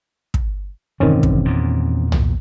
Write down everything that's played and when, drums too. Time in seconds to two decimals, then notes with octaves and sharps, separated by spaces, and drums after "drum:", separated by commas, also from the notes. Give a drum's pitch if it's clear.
0.34 drum: kick
1.00 E1 G2 D3 D#3 C4 C#4
1.23 drum: kick
1.45 E2 A#2
2.12 drum: tom